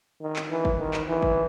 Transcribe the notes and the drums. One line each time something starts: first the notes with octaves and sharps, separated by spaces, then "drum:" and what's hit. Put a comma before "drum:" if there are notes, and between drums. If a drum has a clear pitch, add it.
D#3
drum: clap
E3
drum: kick G1
D#3
drum: clap
E3
drum: kick G1